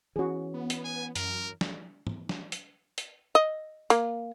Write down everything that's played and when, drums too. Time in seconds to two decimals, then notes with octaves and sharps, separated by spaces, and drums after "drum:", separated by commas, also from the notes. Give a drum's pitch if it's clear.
0.16 E3 C#4 F#4 G#4
0.54 B3
0.70 drum: hi-hat
0.84 G#5
1.16 F#2 A#4, drum: hi-hat
1.61 drum: snare
2.07 drum: tom G#2
2.29 drum: snare
2.52 drum: hi-hat
2.98 drum: hi-hat
3.35 D#5
3.90 A#3, drum: hi-hat